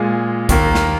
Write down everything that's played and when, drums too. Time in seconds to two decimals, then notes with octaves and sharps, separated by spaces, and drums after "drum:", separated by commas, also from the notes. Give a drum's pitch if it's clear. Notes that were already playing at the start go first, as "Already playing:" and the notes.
Already playing: A#2 G#3 F4 G#4
0.49 D#2 D#3 A#3, drum: kick, hi-hat
0.75 drum: snare